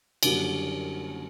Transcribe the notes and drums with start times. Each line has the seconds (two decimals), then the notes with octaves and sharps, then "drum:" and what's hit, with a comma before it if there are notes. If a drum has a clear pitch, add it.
0.23 F#1 F#2 D3 G3, drum: cymbal